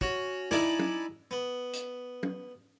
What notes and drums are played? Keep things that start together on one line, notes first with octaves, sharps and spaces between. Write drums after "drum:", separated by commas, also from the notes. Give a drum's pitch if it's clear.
C#4 F#4, drum: kick
D#4 E4 D5 G#5 A5 B5, drum: snare
drum: tom
B3
drum: hi-hat
drum: tom